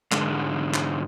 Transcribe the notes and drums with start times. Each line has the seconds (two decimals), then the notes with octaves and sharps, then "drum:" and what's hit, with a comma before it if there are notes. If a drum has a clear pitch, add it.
0.12 G#2 D3 G#3, drum: clap
0.74 drum: clap